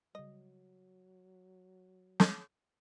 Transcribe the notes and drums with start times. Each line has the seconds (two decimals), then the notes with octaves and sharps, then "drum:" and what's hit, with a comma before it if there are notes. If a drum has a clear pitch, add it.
0.15 C#3 F#3 G3 D#5
2.20 drum: snare